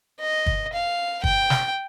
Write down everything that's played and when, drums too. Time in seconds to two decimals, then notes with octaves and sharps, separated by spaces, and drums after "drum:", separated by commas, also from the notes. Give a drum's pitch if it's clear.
0.20 D#5
0.46 drum: kick
0.73 F5
1.24 G5, drum: kick
1.50 drum: snare